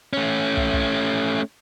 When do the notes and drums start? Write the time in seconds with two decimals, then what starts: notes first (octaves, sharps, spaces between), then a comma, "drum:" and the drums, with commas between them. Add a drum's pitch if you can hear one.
0.13 A3 C#4
0.57 drum: kick
0.73 drum: kick